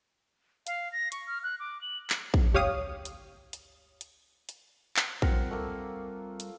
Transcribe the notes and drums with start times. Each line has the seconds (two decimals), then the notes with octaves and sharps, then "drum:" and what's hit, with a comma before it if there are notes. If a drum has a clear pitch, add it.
0.67 F5, drum: hi-hat
0.92 A#6
1.12 C#6, drum: hi-hat
1.27 F6
1.43 F#6
1.60 D6
1.81 F#7
2.10 drum: clap
2.34 drum: kick A#1
2.53 G1 D2 G4 C#5 F5 D#6
3.05 drum: hi-hat
3.53 drum: hi-hat
4.01 drum: hi-hat
4.49 drum: hi-hat
4.96 drum: clap
5.22 G3 C4 F4 A#4 F#5, drum: kick A#1
5.51 A3 A#3
6.40 drum: hi-hat